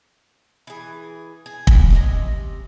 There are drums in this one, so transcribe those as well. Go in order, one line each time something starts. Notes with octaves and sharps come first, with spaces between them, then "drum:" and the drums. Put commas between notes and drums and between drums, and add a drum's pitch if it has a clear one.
E3 G#4
G#4
drum: kick
C3 D#5 A#5